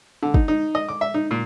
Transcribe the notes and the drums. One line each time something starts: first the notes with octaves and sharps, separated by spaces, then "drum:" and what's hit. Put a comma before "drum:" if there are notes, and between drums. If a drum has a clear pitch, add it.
D3
D#4, drum: kick
D#4
D#5
D6
E5
D#4
A#2